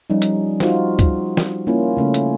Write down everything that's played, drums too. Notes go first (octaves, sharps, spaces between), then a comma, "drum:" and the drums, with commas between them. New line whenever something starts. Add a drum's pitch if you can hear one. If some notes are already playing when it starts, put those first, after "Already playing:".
F3 G3 C#4 D#4
drum: hi-hat
D#4 F4 F#4 C5, drum: snare
drum: kick C#2, hi-hat
drum: snare
A#3 C#4 E4 F4
C#3 A3 C#4
drum: hi-hat